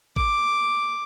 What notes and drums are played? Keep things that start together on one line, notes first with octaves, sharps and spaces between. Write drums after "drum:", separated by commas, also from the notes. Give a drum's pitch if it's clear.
D6, drum: kick A1